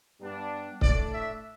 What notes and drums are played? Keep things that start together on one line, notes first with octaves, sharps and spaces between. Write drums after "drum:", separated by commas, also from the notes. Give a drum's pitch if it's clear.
G2 G3 B3 D4
A2 A3 D4 D5, drum: kick C#1
E5